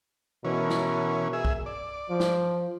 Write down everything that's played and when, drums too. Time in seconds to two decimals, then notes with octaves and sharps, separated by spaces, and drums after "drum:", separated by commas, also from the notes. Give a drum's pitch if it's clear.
0.44 B2 E3 C#4 A#4
0.70 drum: snare
1.33 G#4 E5
1.45 drum: kick B1
1.66 D5
2.10 F3
2.20 drum: snare